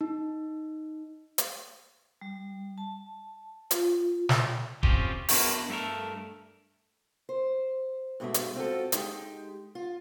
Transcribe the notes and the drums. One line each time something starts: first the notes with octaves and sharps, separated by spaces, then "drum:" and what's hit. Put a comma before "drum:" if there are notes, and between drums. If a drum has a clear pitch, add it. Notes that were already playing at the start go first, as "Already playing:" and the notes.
D#4
drum: hi-hat
G3
A5
F4, drum: hi-hat
drum: snare
C4 C#4 F4 G4, drum: kick E1
B3 D4 E4 F#4 A#4 C#5, drum: open hi-hat
G2 A3 D#4 A4 A#4
C5
G2 B2 G#3 A3 E5
drum: hi-hat
C4 F4 F#4 A4
G#3 D#4 G4, drum: hi-hat
F4